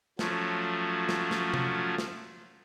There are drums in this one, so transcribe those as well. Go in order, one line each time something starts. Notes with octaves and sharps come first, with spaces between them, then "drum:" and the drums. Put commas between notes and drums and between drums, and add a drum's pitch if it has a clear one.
F3 F#3 A3 C#4, drum: snare
drum: snare
drum: snare
drum: tom C3
drum: snare